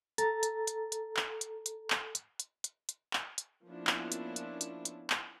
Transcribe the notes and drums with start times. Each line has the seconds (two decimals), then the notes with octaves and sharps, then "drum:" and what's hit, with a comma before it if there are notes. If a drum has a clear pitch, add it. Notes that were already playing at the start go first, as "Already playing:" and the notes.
0.18 A4 A#5 A6, drum: hi-hat
0.43 drum: hi-hat
0.67 drum: hi-hat
0.92 drum: hi-hat
1.17 drum: clap
1.41 drum: hi-hat
1.66 drum: hi-hat
1.90 drum: clap
2.15 drum: hi-hat
2.40 drum: hi-hat
2.64 drum: hi-hat
2.89 drum: hi-hat
3.13 drum: clap
3.38 drum: hi-hat
3.67 F3 A#3 B3 C#4 D4 E4
3.87 drum: clap
4.12 drum: hi-hat
4.36 drum: hi-hat
4.61 drum: hi-hat
4.85 drum: hi-hat
5.10 drum: clap